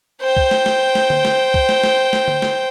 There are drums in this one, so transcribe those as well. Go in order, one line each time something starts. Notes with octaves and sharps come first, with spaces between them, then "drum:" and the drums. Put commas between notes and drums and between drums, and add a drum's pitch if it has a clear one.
C5 G5
drum: kick
drum: snare
drum: snare
drum: snare
drum: tom D3
drum: snare
drum: kick
drum: snare
drum: snare
drum: snare
drum: tom D3
drum: snare